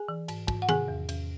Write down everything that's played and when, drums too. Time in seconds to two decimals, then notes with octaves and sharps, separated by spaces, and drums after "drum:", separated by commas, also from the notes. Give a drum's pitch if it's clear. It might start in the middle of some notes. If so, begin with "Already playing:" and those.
Already playing: G#4 G#5
0.09 E3
0.28 G#2, drum: cymbal
0.48 G#2, drum: kick
0.62 F#5
0.69 C3 G#4 G#5, drum: tom D#3
0.88 E2
1.09 E2, drum: cymbal